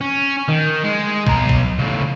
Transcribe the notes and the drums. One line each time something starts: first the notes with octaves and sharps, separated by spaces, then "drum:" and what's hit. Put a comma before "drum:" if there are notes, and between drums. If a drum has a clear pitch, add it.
C#4
D#3
G#3
B1 A#5, drum: kick
drum: kick
A2 C#3